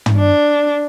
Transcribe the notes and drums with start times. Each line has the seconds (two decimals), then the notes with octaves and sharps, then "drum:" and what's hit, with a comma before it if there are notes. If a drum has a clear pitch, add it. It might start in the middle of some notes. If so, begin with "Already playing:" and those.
0.06 drum: tom
0.16 D4